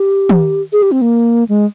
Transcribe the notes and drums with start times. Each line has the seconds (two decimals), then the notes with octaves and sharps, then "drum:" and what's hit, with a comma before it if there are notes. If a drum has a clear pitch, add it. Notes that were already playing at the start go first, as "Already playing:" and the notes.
Already playing: G4
0.29 drum: tom
0.73 G#4
0.82 G4
0.92 C4
1.02 A#3
1.49 G#3